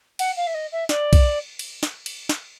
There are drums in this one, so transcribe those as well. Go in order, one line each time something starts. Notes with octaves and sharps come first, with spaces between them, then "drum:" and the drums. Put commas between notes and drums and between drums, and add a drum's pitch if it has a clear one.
F#5, drum: cymbal
F5
E5
D#5
E5
D5, drum: snare
drum: kick B1, cymbal
drum: cymbal
drum: snare
drum: cymbal
drum: snare